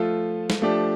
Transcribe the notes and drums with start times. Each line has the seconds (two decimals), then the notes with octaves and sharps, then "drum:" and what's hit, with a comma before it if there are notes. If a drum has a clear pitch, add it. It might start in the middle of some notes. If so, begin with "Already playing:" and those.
Already playing: F3 A3 F4 A4
0.50 drum: snare
0.62 F3 A3 D4 G4